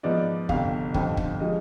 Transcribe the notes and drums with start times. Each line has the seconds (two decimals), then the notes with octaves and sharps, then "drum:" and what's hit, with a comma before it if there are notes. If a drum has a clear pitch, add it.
0.03 G#2 F3 B3 D#4 D5
0.49 G1 F2 C3 F5, drum: kick
0.94 F2 D3 G3 C4 D#4, drum: kick
1.17 drum: kick
1.40 F3 G#3 D#5